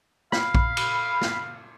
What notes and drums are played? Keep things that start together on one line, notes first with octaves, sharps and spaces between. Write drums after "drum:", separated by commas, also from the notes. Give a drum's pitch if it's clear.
F5 B5, drum: snare
drum: kick A#1
drum: cymbal
drum: snare